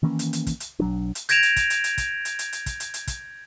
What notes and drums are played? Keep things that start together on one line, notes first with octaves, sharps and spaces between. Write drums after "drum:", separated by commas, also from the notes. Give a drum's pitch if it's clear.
D#3 E3 A#3 C#4
drum: hi-hat
drum: hi-hat
drum: kick, hi-hat
drum: hi-hat
B1 F#3 D4
drum: hi-hat
G6 G#6 A#6 D7 E7 F7, drum: hi-hat
drum: hi-hat
drum: kick, hi-hat
drum: hi-hat
drum: hi-hat
drum: kick, hi-hat
drum: hi-hat
drum: hi-hat
drum: hi-hat
drum: kick, hi-hat
drum: hi-hat
drum: hi-hat
drum: kick, hi-hat